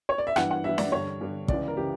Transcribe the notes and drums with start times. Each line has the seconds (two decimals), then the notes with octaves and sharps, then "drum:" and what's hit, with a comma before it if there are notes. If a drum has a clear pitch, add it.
0.09 C#5
0.18 D5
0.27 E5
0.36 G2 E3 F#5, drum: rim click
0.51 F#5
0.64 G2 E3 E5
0.78 D5, drum: snare
0.92 G2 D3 C#5
1.21 G2 D3
1.48 C#2 C#3 E3 D5, drum: kick
1.68 A#4
1.77 C#3 E3 G4